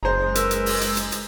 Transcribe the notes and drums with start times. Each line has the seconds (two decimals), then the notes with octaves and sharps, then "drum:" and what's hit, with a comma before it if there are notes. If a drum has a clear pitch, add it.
0.03 F#1 G#3 C5 A#5
0.35 A#4 B4 E6, drum: hi-hat
0.51 drum: hi-hat
0.66 drum: open hi-hat
0.81 drum: hi-hat
0.97 drum: hi-hat
1.12 drum: hi-hat